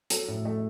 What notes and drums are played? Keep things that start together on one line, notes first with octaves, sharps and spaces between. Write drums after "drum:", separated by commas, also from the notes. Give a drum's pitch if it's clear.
F#3 A4, drum: hi-hat
A2
A3